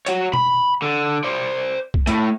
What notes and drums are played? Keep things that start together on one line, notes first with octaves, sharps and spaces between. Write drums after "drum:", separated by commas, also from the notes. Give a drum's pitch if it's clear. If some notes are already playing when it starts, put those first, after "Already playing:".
F#4 C#5, drum: hi-hat
B5, drum: tom B2
D3
C5 D5
drum: kick C2
A3 E4, drum: hi-hat